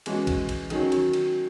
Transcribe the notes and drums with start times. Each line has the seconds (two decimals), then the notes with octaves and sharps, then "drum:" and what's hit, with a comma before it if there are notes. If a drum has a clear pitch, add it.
0.06 E3 G#3 C#4 F#4, drum: cymbal
0.27 drum: kick A1, cymbal
0.49 drum: cymbal
0.70 D#3 F#3 C#4, drum: cymbal
0.92 drum: cymbal
1.13 drum: cymbal